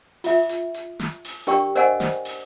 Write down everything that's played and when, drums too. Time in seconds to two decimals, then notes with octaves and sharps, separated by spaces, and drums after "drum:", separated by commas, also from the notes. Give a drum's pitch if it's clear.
0.24 F4 E5, drum: open hi-hat
0.49 drum: hi-hat
0.74 drum: hi-hat
0.99 drum: snare
1.25 drum: open hi-hat
1.47 D4 G4 A#4 D5 G5 C#6, drum: hi-hat
1.76 A#4 C5 D5 D#5 F#5 G#5, drum: hi-hat
2.00 drum: snare
2.25 drum: open hi-hat